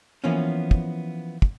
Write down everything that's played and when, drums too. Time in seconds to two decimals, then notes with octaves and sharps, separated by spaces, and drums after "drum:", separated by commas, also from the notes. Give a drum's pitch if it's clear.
0.24 E3 F3 A#3 B3 C#4
0.71 drum: kick
1.42 drum: kick